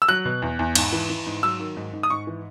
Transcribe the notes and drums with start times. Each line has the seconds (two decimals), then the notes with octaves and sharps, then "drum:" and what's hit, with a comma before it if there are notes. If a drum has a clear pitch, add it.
0.02 E6
0.08 F#3 F#6
0.25 B2
0.42 E2
0.59 E2
0.75 G#2, drum: cymbal
0.93 E3
1.10 E3
1.26 G#2
1.43 F#3 E6
1.60 D#3
1.76 G#2
1.93 G#2
2.03 D#6
2.10 G#2 C#6
2.27 E3